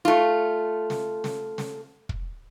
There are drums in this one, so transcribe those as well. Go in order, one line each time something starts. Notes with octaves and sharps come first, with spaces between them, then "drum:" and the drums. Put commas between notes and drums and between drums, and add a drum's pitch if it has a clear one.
A3 F4
drum: snare
drum: snare
drum: snare
drum: kick